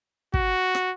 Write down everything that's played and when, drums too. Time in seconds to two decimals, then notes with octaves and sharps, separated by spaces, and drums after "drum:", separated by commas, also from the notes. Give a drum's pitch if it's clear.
0.34 F#4, drum: kick
0.75 drum: rim click